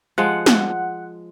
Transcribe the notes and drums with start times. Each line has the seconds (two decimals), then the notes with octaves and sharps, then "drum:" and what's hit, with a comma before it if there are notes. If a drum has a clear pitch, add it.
0.18 F3 G#3 F#5
0.46 drum: snare